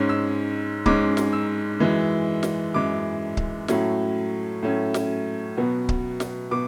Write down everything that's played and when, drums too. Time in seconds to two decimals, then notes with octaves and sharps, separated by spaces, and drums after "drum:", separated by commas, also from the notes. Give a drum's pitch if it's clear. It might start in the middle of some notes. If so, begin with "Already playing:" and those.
Already playing: G#2 G#3 C#4
0.09 E6
0.86 G#2 G#3 C#4 D6, drum: kick C#1
1.17 drum: snare
1.33 E6
1.80 F#2 E3 G#3
2.43 drum: snare
2.74 F#2 E3 G#3 D6
3.37 drum: kick C#1
3.68 A2 F#3 A3 C#4, drum: snare
4.63 A2 F#3 A3 C#4
4.94 drum: snare
5.57 B2 F#3 B3
5.89 drum: kick C#1
6.20 drum: snare
6.51 B2 D6